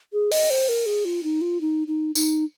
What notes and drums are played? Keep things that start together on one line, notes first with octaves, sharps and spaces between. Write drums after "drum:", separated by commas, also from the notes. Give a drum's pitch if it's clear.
G#4
D#5, drum: open hi-hat
C5
A#4
G#4
F4
D#4
F4
D#4
D#4
D#4, drum: tambourine